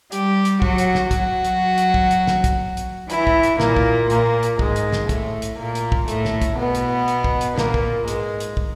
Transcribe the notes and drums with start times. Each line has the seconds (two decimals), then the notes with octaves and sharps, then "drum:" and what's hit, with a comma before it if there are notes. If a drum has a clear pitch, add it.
0.12 G3 G4, drum: hi-hat
0.45 drum: hi-hat
0.62 F#3 F#4, drum: kick
0.78 drum: hi-hat
0.95 drum: snare
1.11 F#3 F#4, drum: kick, hi-hat
1.45 drum: hi-hat
1.78 drum: hi-hat
1.94 drum: kick
2.11 drum: hi-hat
2.27 drum: snare
2.44 drum: kick, hi-hat
2.77 drum: hi-hat
3.10 E3 E4, drum: hi-hat
3.27 drum: kick
3.43 drum: hi-hat
3.60 A#2 A#3, drum: snare
3.77 drum: kick
4.10 A#2 A#3, drum: hi-hat
4.43 drum: hi-hat
4.59 G#2 G#3, drum: kick
4.76 drum: hi-hat
4.92 drum: snare
5.09 A2 A3, drum: kick, hi-hat
5.42 drum: hi-hat
5.58 A#2 A#3
5.75 drum: hi-hat
5.92 drum: kick
6.08 A2 A3, drum: hi-hat
6.25 drum: snare
6.42 drum: kick, hi-hat
6.58 B2 B3
6.75 drum: hi-hat
7.08 drum: hi-hat
7.24 drum: kick
7.41 drum: hi-hat
7.58 A#2 A#3, drum: snare
7.74 drum: kick
8.08 G#2 G#3, drum: hi-hat
8.40 drum: hi-hat
8.57 drum: kick